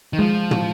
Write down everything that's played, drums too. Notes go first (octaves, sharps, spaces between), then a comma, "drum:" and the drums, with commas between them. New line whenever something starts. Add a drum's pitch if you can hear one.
D#3
F3 G#3
drum: tom